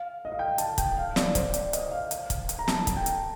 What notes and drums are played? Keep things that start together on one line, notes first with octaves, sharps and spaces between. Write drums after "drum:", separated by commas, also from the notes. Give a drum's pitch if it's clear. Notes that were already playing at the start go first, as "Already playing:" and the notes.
Already playing: F5
D#5
F5
G5
A5, drum: hi-hat
G5, drum: kick, hi-hat
F5
D5, drum: snare
C5, drum: kick, hi-hat
D5, drum: hi-hat
D#5, drum: hi-hat
F5
drum: hi-hat
drum: kick, hi-hat
drum: hi-hat
A#5
A5, drum: snare
drum: kick, hi-hat
G5
drum: hi-hat